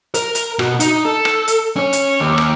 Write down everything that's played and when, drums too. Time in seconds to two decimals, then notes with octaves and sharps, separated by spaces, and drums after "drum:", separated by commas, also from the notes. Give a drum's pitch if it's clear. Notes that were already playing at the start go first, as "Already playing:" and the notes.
0.14 A#4, drum: hi-hat
0.35 drum: hi-hat
0.59 B2 F#4, drum: rim click
0.80 D#4, drum: hi-hat
1.05 A4
1.25 drum: rim click
1.48 drum: hi-hat
1.76 C#4 C#5
1.93 drum: hi-hat
2.20 D#2
2.38 drum: rim click